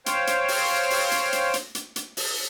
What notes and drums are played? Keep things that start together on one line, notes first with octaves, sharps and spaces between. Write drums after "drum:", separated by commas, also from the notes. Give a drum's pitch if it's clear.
C5 C#5 F5 G5, drum: hi-hat
drum: hi-hat
drum: open hi-hat
drum: open hi-hat
drum: hi-hat
drum: hi-hat
drum: hi-hat
drum: hi-hat
drum: hi-hat
drum: open hi-hat